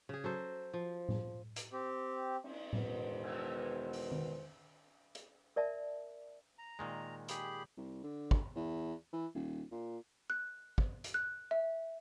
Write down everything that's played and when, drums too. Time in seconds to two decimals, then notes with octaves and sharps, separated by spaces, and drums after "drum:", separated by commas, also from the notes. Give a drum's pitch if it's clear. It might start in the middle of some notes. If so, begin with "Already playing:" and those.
0.09 C#3 G#4
0.24 F#3 A4 C5
0.74 F3
1.09 drum: tom A2
1.56 drum: hi-hat
1.72 C4 G4
2.44 drum: cymbal
2.73 E2 B2 D#3 G#3 B4 C5, drum: tom A2
3.23 drum: cymbal
3.93 drum: open hi-hat
4.12 drum: tom D#3
5.15 drum: hi-hat
5.56 A#4 D5 E5 A5
6.58 A#5
6.79 A#2 D#3 G#3
7.28 G4 G#4 B5, drum: hi-hat
7.77 C2
8.04 D3
8.31 drum: kick
8.55 E2
9.13 E3
9.34 D#1
9.71 A#2
10.30 F#6
10.78 drum: kick
11.04 drum: hi-hat
11.14 F#6
11.51 E5